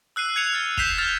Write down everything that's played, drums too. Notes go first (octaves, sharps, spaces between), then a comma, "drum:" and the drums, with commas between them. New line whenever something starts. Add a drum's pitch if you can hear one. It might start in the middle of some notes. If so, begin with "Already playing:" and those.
E6 F#6 C7 D#7
G#6 C#7 F7
F6 A6 F7
G6 B6 C7 E7 F7, drum: kick
F6 A6 F7